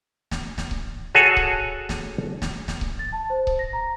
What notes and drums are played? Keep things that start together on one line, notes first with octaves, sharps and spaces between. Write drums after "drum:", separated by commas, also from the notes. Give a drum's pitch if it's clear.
drum: snare
drum: snare
drum: kick C#1
F#4 G#4 A4 C#5 F#5 G#5
drum: kick C#1
drum: snare
drum: snare
drum: snare
drum: kick C#1
A6
A5
C5
drum: kick C#1
A#6
A#5